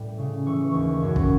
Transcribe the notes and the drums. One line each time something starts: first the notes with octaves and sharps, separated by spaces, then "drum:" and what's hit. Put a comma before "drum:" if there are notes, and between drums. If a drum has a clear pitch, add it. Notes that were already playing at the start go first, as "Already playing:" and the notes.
Already playing: A2 G3
C#3
E3 C#6
D#2 C#6
F#2 C#6
drum: kick